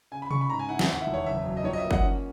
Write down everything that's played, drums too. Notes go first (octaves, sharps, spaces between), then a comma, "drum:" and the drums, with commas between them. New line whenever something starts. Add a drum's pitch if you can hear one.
C#3 G#5
B5
C#3 C#6, drum: tom C3
B5
G#2 A#5
G#5
E4 F#5
E5, drum: snare
D#2
F#5
E5
E1
C#5
F#1 E5
F#3
D#5
A#1 C#5
D#5
E5
A#3
F#5, drum: kick G1
C#4